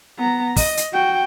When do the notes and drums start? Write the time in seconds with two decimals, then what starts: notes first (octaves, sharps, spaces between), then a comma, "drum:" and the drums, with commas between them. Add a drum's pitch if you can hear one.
0.18 B3 A#5
0.56 D#5, drum: kick, open hi-hat
0.77 drum: hi-hat
0.93 F#4 G5